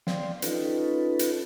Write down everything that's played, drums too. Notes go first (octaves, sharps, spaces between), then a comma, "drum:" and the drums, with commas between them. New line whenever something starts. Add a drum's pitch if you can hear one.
D5 F5 G5 C6, drum: snare
C#4 D#4 F4 A4 B4, drum: hi-hat
drum: hi-hat